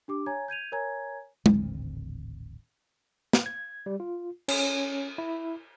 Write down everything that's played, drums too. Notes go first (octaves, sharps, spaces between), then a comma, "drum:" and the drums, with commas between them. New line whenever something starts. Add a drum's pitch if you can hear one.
D4 G4 D6
C#5 G#5 A#5 G#6
G6 G#6 D#7 F7
A#4 C#5 G#5 A#5 G#6
D#1 A1 D3 C4, drum: tom
drum: snare
G#6
G3
F4
C#4, drum: cymbal
E4